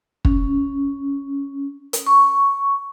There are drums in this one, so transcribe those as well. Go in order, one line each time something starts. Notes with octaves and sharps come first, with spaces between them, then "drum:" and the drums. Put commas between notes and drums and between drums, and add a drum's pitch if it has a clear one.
C#4, drum: kick
drum: hi-hat
C#6